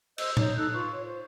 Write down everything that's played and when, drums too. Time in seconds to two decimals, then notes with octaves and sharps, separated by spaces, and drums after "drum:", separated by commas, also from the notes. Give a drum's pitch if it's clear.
0.18 C5 D#5 E6 G6, drum: cymbal
0.37 D#4 C#5 G6, drum: tom A2
0.55 D#4 A4 E6 F#6
0.73 F4 B4 C#6
0.92 C#5
1.05 C5